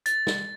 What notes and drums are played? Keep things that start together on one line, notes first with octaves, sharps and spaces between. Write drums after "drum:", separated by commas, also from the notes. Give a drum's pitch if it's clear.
A6, drum: hi-hat
drum: snare